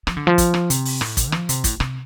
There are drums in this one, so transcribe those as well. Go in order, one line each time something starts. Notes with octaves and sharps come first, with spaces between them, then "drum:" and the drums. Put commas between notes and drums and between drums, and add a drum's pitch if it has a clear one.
F3, drum: rim click
D3
F3
drum: kick, hi-hat
drum: rim click
C3, drum: hi-hat
drum: open hi-hat
A2, drum: rim click
drum: kick, hi-hat
F3, drum: rim click
C3, drum: hi-hat
A2, drum: kick, hi-hat
C3, drum: rim click